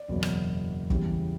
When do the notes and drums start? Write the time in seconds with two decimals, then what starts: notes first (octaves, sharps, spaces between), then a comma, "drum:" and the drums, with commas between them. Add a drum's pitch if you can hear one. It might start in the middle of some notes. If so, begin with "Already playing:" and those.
Already playing: D5
0.08 F#1 E2 B2 F#3
0.23 drum: rim click
0.90 E2 C#3 E3 G3, drum: kick